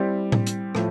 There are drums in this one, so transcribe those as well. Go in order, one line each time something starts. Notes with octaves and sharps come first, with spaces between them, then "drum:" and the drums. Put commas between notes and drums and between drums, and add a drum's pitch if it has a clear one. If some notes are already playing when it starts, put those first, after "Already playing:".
Already playing: G3 C4 E4 G4
drum: tom A2
drum: hi-hat
A2 F3, drum: rim click